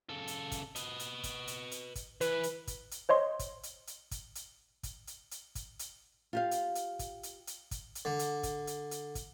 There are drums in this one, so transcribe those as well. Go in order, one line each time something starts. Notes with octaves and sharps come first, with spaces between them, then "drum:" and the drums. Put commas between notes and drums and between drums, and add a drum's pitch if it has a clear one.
C#3 A4
drum: hi-hat
drum: kick, hi-hat
B4 D#5, drum: hi-hat
drum: hi-hat
drum: kick, hi-hat
drum: hi-hat
drum: hi-hat
drum: kick, hi-hat
E3 B4, drum: hi-hat
drum: hi-hat
drum: kick, hi-hat
drum: hi-hat
C5 C#5 D#5 C6
drum: kick, hi-hat
drum: hi-hat
drum: hi-hat
drum: kick, hi-hat
drum: hi-hat
drum: kick, hi-hat
drum: hi-hat
drum: hi-hat
drum: kick, hi-hat
drum: hi-hat
F4 G4 F5
drum: hi-hat
drum: hi-hat
drum: kick, hi-hat
drum: hi-hat
drum: hi-hat
drum: kick, hi-hat
drum: hi-hat
D3
drum: hi-hat
drum: kick, hi-hat
drum: hi-hat
drum: hi-hat
drum: kick, hi-hat